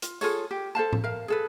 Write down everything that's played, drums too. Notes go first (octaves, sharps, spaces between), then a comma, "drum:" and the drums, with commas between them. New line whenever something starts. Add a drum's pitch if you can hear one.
F4, drum: hi-hat
F4 G#4 A4 C#5, drum: tambourine
G4
A4 C5 F5 A5
drum: tom A2
A#4 F5
G#4 A4 B4